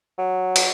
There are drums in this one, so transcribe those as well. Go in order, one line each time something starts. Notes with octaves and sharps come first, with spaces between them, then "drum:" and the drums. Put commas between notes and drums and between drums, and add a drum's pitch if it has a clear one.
F#3
drum: cymbal